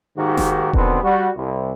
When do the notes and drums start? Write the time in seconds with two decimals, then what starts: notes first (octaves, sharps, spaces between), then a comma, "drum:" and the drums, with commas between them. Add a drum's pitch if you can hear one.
0.17 G#2 D#3 A#3 F#4 G4
0.37 drum: snare F1
0.73 B2 D3 D#3 B3 C4, drum: kick E1
1.02 G3 F#4
1.36 C2